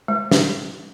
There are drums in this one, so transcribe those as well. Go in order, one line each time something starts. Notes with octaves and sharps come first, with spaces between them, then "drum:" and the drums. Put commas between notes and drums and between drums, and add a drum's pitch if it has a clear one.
G#3
drum: snare